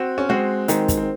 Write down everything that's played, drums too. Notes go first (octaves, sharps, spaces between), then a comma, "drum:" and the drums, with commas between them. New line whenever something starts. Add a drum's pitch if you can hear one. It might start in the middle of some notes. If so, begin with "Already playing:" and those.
Already playing: C4 F#4
C#4
G#3 C4 F#4
D#3 G#3 C4, drum: hi-hat
drum: kick, hi-hat
C4